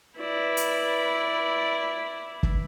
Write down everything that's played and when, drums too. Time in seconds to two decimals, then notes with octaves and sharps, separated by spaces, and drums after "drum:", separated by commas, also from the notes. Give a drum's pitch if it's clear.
0.18 E4 B4 D5
0.57 drum: hi-hat
2.43 drum: kick